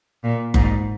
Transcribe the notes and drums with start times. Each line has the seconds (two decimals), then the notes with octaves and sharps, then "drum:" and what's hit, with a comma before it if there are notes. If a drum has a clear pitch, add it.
0.24 A#2
0.54 G#2, drum: kick F#1